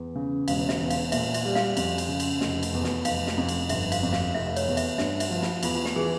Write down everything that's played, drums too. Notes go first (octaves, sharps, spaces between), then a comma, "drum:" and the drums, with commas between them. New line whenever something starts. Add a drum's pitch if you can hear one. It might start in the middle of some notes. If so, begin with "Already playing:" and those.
Already playing: E2
C#3
E1 F5, drum: cymbal
E5, drum: snare
E2
F5, drum: cymbal
A#2 E5, drum: cymbal
E5, drum: cymbal
G3
F5, drum: snare
F2, drum: cymbal
drum: cymbal
C#3
drum: cymbal
F1, drum: snare
drum: cymbal
E2
drum: snare
F1 F5, drum: cymbal
drum: snare
F2
drum: cymbal
G1 E5, drum: cymbal
F5, drum: cymbal
F2
F5, drum: snare
F1 E5
C#5, drum: cymbal
E2
E5, drum: cymbal
G2 E5, drum: snare
E5, drum: cymbal
F3
F4, drum: snare
E2 F4, drum: cymbal
F4
G4, drum: snare
E3 G#4